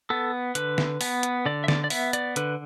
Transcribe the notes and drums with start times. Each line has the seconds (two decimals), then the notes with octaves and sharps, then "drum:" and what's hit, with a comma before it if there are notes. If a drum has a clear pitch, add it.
0.10 B3 A4
0.55 D3 B4, drum: hi-hat
0.78 drum: snare
1.01 B3, drum: open hi-hat
1.23 drum: hi-hat
1.46 D3 D5
1.64 E5
1.68 D5, drum: snare
1.84 D5
1.90 B3 E5, drum: open hi-hat
2.13 D5, drum: hi-hat
2.36 D3 B4, drum: hi-hat